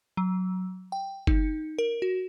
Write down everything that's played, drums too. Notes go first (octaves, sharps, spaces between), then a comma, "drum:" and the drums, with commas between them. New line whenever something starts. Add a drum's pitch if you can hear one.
F#3
G5
D#4, drum: kick F#1
A#4
F#4